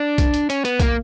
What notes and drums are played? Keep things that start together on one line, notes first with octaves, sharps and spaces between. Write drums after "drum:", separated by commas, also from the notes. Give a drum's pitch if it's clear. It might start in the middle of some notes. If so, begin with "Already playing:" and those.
Already playing: D4
drum: kick B1, hi-hat
drum: hi-hat
C#4, drum: hi-hat
B3, drum: hi-hat
A#3, drum: kick B1, hi-hat